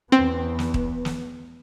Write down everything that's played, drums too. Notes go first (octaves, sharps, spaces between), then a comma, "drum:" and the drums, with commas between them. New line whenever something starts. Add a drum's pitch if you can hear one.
E2 B3 C4
drum: snare
drum: kick D#1
drum: snare